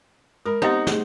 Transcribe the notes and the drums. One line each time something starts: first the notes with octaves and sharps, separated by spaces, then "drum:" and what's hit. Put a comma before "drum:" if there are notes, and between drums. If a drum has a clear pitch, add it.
G#3 A#4 B5
B3 C4 D#4 G4 C5 D#5 F#5
A3 G#4, drum: snare